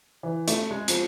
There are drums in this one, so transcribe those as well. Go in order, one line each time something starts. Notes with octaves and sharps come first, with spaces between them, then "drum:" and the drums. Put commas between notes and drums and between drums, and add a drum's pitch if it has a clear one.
E3
A3, drum: hi-hat
G#3
F3, drum: hi-hat